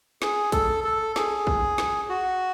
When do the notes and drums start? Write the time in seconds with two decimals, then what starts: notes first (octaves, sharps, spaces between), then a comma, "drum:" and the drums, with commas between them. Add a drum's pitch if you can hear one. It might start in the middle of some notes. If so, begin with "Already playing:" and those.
0.22 G#4, drum: snare
0.52 A4, drum: kick, hi-hat
0.84 A4
1.16 G#4, drum: snare
1.47 drum: kick
1.78 drum: snare
2.09 F#4